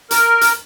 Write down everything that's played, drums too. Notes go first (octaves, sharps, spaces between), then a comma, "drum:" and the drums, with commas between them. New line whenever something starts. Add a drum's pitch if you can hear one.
A#4, drum: hi-hat
drum: hi-hat